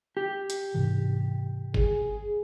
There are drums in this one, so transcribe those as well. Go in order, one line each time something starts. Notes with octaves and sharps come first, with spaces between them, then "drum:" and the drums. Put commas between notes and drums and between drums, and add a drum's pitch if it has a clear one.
G4
drum: hi-hat
G#2 C3 E3
G#4, drum: kick G1